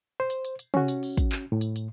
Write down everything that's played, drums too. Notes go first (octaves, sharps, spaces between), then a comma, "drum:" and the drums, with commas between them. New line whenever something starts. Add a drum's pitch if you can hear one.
C5
drum: hi-hat
drum: hi-hat
drum: hi-hat
C#4 F#4, drum: tom C3
drum: hi-hat
drum: open hi-hat
drum: kick, hi-hat
drum: clap
A2
drum: hi-hat
drum: hi-hat